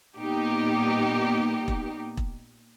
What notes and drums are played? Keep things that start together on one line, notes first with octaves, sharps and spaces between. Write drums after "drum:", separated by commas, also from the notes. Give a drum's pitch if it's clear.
A#2 G3 B3 D#4 G4
drum: kick E1
drum: kick E1